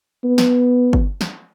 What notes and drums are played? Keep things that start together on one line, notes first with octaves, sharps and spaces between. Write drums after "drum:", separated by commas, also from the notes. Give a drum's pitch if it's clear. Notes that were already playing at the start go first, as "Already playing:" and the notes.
B3
drum: snare
drum: kick
drum: snare